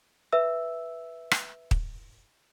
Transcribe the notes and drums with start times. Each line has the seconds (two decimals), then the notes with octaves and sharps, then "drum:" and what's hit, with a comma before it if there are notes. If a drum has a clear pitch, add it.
0.33 B4 E5 E6
1.31 drum: rim click
1.71 drum: kick